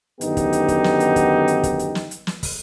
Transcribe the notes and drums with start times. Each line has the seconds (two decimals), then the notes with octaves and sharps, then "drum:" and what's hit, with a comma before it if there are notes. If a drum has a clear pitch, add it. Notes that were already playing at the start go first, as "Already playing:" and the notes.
0.21 F#2 D3 D#3 B3 D#4 G4, drum: hi-hat
0.37 drum: kick, hi-hat
0.53 drum: hi-hat
0.68 drum: kick, hi-hat
0.84 drum: snare
1.00 drum: hi-hat
1.16 drum: kick, hi-hat
1.48 drum: hi-hat
1.63 drum: kick, hi-hat
1.79 drum: hi-hat
1.95 drum: snare
2.11 drum: hi-hat
2.27 drum: snare
2.43 drum: kick, open hi-hat